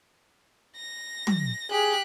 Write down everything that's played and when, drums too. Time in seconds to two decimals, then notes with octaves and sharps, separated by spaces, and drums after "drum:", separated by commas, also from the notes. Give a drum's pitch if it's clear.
0.77 A#6
1.27 drum: tom
1.71 G4 G#4 F#6